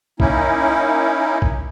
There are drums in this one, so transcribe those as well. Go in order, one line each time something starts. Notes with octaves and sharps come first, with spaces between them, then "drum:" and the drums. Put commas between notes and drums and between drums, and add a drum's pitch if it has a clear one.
A#3 C#4 D#4 E4, drum: kick
drum: kick